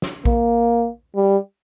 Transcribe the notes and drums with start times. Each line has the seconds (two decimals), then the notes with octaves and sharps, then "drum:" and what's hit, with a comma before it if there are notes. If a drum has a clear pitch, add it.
0.02 drum: snare
0.25 A#3, drum: kick A#1
1.16 G3